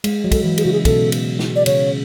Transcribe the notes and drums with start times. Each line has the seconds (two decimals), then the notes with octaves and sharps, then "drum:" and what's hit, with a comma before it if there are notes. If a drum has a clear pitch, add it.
0.04 G#3, drum: cymbal
0.24 F#3
0.32 A4, drum: kick, cymbal
0.44 E3
0.58 G#4, drum: cymbal
0.65 C#3 F#4
0.73 G#4
0.85 B2 A4, drum: kick, cymbal
1.12 drum: cymbal
1.39 drum: snare
1.56 D5
1.66 C#3 C#5, drum: cymbal